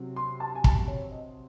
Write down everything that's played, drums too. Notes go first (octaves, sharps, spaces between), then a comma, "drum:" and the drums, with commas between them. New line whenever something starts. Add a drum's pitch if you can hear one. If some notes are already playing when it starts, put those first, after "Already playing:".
Already playing: C3 F#3 C4
C6
A5
G#5
A5, drum: kick
C#5
D#5